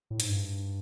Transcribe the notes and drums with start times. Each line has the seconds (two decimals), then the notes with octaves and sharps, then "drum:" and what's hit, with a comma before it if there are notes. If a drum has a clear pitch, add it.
0.10 A2
0.20 G#2, drum: hi-hat
0.29 G2